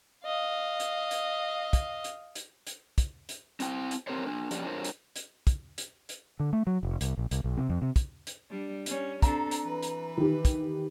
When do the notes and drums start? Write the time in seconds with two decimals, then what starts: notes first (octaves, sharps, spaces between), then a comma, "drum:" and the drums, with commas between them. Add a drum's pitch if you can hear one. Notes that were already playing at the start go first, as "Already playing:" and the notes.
0.24 D#5 F5
0.80 drum: hi-hat
1.11 drum: hi-hat
1.73 drum: kick, hi-hat
2.04 drum: hi-hat
2.35 drum: hi-hat
2.67 drum: hi-hat
2.98 drum: kick, hi-hat
3.29 drum: hi-hat
3.60 C4 E4 G5, drum: hi-hat
3.91 drum: hi-hat
4.07 C4 G4 A#4 C5 C#5
4.26 A#3 D4
4.51 F3 A#3 C#4 G4 D5, drum: hi-hat
4.64 D4 F4 A#4 C5 C#5
4.84 drum: hi-hat
5.16 drum: hi-hat
5.47 drum: kick, hi-hat
5.78 drum: hi-hat
6.09 drum: hi-hat
6.40 D3
6.53 A3
6.67 F#3
6.83 F1
7.01 C2, drum: hi-hat
7.18 A#1
7.31 C2, drum: hi-hat
7.44 B1
7.57 C3
7.69 F2
7.82 C3
7.96 drum: kick, hi-hat
8.27 drum: hi-hat
8.50 G3 D4
8.86 G3 C#4, drum: hi-hat
9.22 C4 D4 A4 A#5, drum: kick, hi-hat
9.51 drum: hi-hat
9.63 E3 B4
9.83 drum: hi-hat
10.17 D#3 G4
10.45 drum: kick, hi-hat